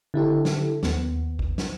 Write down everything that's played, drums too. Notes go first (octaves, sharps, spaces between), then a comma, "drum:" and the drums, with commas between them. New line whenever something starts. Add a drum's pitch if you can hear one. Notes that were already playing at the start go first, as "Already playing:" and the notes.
D3 E4 G4 A4
drum: snare
D#2 B3, drum: snare
drum: kick
drum: snare